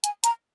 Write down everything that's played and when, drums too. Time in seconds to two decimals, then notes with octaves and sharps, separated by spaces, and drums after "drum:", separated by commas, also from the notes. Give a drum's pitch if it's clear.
0.04 G#5, drum: hi-hat
0.24 A#5, drum: hi-hat